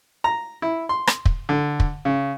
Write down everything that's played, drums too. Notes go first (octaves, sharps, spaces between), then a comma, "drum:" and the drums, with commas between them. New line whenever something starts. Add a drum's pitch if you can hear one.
A#5
E4
C6
drum: rim click
drum: kick
D3
drum: kick
C#3